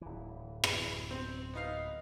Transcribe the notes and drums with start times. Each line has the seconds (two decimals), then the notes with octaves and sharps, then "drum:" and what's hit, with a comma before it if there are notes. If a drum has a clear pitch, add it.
0.01 D1 E3
0.64 drum: rim click
1.11 C4
1.54 B3 D#4 F5